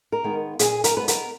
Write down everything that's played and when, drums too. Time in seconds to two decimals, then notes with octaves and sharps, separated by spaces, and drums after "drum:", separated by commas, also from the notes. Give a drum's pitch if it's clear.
0.12 A#4
0.24 D#3 G#3 B3
0.59 A#2 G#4, drum: hi-hat
0.84 A#4, drum: hi-hat
0.96 G#3 B3 B4
1.08 A#4, drum: hi-hat